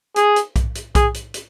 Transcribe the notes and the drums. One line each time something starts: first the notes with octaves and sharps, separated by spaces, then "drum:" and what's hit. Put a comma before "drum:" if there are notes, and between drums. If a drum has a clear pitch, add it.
G#4, drum: hi-hat
drum: hi-hat
drum: kick B1, hi-hat
drum: hi-hat
G#4, drum: kick B1, hi-hat
drum: hi-hat
drum: hi-hat